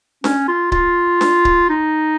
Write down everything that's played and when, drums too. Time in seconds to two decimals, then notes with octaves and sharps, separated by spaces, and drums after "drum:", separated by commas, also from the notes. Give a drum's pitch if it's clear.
0.24 C#4, drum: snare D4
0.48 F4
0.72 F4, drum: kick C#1
1.21 drum: snare D4
1.45 drum: kick C#1
1.70 D#4